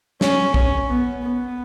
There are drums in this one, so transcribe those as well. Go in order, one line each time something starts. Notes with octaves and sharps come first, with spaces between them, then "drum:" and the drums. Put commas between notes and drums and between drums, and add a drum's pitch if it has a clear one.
C#4, drum: snare
C#4, drum: kick
B3
B3